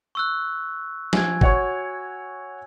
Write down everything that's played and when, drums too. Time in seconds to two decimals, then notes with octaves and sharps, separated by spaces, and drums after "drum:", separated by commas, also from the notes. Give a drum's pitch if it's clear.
0.15 C#6 E6 F#6
1.13 F3 G#5 G#6, drum: snare
1.41 F#4 C#5 C#6, drum: kick